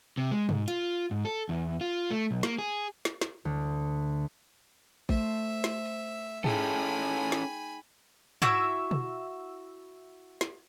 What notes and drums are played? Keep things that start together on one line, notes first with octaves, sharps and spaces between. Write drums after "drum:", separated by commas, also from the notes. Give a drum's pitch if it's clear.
C3
G#3
G#2, drum: tom B2
F4, drum: hi-hat
G#2
A4
E2
F4
A3
B1
A#3, drum: snare
G#4
drum: snare
drum: snare
D2
A3 C5 E5, drum: kick A1
drum: snare
C#4 D#4 E4 G#4 A4 G5 G#5 B5, drum: tom G#2
drum: snare
E4 F#4 E5, drum: tom G#2
drum: tom B2
drum: snare